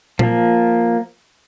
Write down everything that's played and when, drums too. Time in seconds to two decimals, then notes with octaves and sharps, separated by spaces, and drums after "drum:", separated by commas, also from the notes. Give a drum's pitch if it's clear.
0.19 F3 A#3, drum: tom A#2